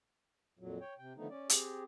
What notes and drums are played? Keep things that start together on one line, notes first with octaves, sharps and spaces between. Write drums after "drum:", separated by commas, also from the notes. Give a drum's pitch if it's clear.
F2 A#2 F#3
C#5 G5
C3 G5
D3 D#3 F3 A3 B3 D#4
C#4 D5
C4 G4 G#4, drum: hi-hat